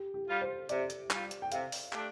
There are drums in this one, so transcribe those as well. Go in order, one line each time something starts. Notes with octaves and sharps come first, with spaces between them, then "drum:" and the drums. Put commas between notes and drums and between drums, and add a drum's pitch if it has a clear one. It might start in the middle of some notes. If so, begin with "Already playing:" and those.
Already playing: G4
G4
G3 F4
C5
C3 D5, drum: hi-hat
drum: hi-hat
G3 F4, drum: clap
drum: hi-hat
G5
C3 F5, drum: hi-hat
drum: open hi-hat
A3 D4 G4, drum: clap